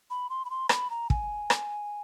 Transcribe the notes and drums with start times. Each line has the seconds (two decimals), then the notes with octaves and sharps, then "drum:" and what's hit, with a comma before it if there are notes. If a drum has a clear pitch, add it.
0.10 B5
0.30 C6
0.45 B5
0.50 C6
0.69 B5, drum: rim click
0.90 A#5
1.10 G#5, drum: kick
1.50 drum: rim click